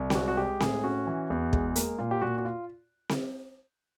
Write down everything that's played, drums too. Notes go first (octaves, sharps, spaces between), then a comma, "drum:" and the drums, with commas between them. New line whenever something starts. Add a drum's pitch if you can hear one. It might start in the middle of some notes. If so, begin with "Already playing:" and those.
Already playing: C2
G4, drum: snare C4
G#3 F#4
F#4
G#3 G4
A2 G#4, drum: snare C4
C#4 F#4
E3
E2
G#3, drum: kick
A#3, drum: hi-hat
A#2 F4
G4
A#2 F#4
F#4
F4
drum: snare C4